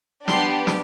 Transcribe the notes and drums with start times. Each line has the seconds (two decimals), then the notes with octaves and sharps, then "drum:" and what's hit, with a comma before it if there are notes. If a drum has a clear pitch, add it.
0.28 B3 D4 G4 C6, drum: snare
0.67 drum: snare